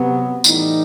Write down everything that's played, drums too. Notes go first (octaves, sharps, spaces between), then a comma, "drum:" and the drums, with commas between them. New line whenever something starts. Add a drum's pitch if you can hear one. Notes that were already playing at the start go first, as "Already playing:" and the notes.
Already playing: C3 F#3 B3
A2 E3 G3 D#4, drum: tambourine